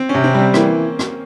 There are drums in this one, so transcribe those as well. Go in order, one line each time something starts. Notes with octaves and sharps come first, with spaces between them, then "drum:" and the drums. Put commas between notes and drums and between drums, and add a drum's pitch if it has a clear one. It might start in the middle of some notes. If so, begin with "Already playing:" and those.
Already playing: C4
C#4
C3
C4
G3 C4
E3 A#3, drum: rim click
drum: rim click